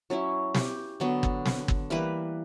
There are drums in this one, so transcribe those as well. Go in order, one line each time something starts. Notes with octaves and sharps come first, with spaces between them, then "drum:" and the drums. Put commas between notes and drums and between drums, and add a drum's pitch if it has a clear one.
F#3 C#4 E4
G4, drum: snare
D3 F#3 B3
drum: kick G1
drum: snare
drum: kick G1
E3 G3 A#3 B4